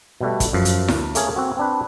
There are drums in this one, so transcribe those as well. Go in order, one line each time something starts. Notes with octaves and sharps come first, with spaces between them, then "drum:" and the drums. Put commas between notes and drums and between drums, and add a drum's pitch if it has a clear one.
B2 G3 A3
drum: kick, hi-hat
F#2 F3
drum: hi-hat
D2, drum: snare E4
A3 A#3 C#4 G#4, drum: hi-hat
C4 F#4
C4 D4 B4